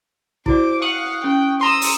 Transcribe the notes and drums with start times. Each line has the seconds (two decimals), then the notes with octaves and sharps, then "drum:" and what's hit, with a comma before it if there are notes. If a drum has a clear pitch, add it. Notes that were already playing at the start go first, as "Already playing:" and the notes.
0.46 E4 F#4 C5 D5 D6, drum: kick
0.82 F5 F#5 C#6 D#6 F#6
1.24 C#4 G5
1.61 A#5 C6 D#6 E6
1.82 drum: open hi-hat